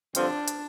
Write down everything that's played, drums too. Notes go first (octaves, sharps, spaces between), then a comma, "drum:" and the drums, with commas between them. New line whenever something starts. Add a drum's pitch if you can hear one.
G2 D3 F3 C4 D4, drum: hi-hat
drum: hi-hat